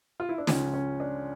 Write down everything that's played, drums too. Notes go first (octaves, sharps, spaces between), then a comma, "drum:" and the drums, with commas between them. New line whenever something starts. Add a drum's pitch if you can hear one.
F4
E4
D4
C#2 C#3 F3 C#4, drum: snare
C#4
D4